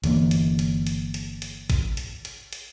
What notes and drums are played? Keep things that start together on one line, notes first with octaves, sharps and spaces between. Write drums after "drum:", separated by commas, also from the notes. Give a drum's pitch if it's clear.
G1 E3 A#3, drum: hi-hat
drum: hi-hat
drum: hi-hat
drum: hi-hat
drum: hi-hat
drum: hi-hat
drum: kick, hi-hat
drum: hi-hat
drum: hi-hat
drum: hi-hat